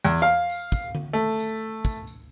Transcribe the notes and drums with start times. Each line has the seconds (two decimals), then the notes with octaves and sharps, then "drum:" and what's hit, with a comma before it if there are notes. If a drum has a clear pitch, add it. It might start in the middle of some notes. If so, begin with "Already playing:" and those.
0.05 E2, drum: tambourine
0.22 F5
0.50 drum: tambourine
0.72 drum: kick, tambourine
0.95 drum: tom D3
1.13 A3
1.40 drum: tambourine
1.85 drum: kick, tambourine
2.07 drum: tambourine